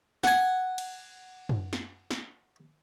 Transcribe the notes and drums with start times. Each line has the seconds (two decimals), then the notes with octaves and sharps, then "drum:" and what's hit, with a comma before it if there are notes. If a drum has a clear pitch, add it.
0.24 F#5 G#5, drum: snare
0.78 drum: cymbal
1.49 drum: tom
1.73 drum: snare
2.11 drum: snare